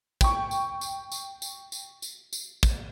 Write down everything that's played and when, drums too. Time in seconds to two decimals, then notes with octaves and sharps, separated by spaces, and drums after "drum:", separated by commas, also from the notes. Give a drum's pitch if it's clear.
0.21 G5 C#6, drum: kick, tambourine
0.51 drum: tambourine
0.81 drum: tambourine
1.12 drum: tambourine
1.42 drum: tambourine
1.72 drum: tambourine
2.02 drum: tambourine
2.33 drum: tambourine
2.63 drum: kick, tambourine